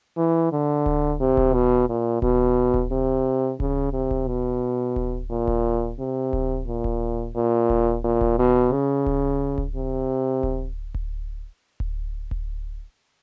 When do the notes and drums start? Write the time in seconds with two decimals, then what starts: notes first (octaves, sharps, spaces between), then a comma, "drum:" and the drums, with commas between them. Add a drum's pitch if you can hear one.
0.17 E3
0.52 D3
0.86 drum: kick D1
1.20 C3
1.37 drum: kick D1
1.54 B2
1.89 A#2
2.22 B2, drum: kick D1
2.74 drum: kick D1
2.91 C3
3.60 C#3, drum: kick D1
3.93 C3
4.11 drum: kick D1
4.27 B2
4.96 drum: kick D1
5.30 A#2
5.47 drum: kick D1
5.99 C3
6.33 drum: kick D1
6.67 A#2
6.84 drum: kick D1
7.35 A#2
7.70 drum: kick D1
8.04 A#2
8.21 drum: kick D1
8.39 B2
8.72 C#3
9.06 drum: kick D1
9.58 drum: kick D1
9.75 C3
10.43 drum: kick D1
10.94 drum: kick D1
11.80 drum: kick D1
12.31 drum: kick D1